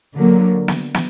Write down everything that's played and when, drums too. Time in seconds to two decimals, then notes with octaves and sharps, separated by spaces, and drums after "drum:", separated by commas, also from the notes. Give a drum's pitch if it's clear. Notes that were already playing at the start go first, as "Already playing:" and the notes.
0.15 D3 F#3 A#3
0.68 drum: snare
0.94 drum: snare